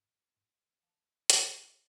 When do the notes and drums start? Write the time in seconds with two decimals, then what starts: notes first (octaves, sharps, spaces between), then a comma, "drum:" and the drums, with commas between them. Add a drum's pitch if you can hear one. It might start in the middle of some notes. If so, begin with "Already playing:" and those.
Already playing: G#2
0.37 G#2
0.83 E3 F5 A5
1.30 G#3, drum: hi-hat